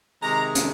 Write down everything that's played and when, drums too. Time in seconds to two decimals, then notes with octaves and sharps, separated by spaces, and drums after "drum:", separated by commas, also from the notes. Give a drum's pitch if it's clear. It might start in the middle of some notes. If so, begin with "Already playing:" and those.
0.21 C3 D#3 G#3 A#5
0.55 drum: hi-hat